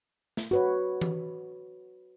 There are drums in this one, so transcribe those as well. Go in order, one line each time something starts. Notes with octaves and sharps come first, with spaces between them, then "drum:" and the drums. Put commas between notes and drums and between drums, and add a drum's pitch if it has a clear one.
drum: snare
F#4 B4 C#5
drum: tom E3